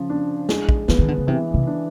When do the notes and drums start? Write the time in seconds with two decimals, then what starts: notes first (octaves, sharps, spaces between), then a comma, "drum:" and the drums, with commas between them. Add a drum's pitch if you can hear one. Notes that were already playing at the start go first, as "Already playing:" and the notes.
Already playing: C#3 F3
0.10 D4
0.49 G#3, drum: snare
0.69 drum: kick
0.88 E3 B3, drum: snare
0.98 D#3
1.08 D3
1.18 C#3
1.27 C3 E3
1.54 C3
1.67 D4